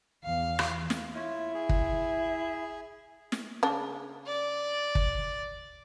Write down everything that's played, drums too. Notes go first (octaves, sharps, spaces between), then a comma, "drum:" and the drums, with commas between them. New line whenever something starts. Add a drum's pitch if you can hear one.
E2 F5
drum: rim click
drum: snare
E4 F4 C#5
G#4
drum: kick
drum: snare
C#3 D4
D5
drum: kick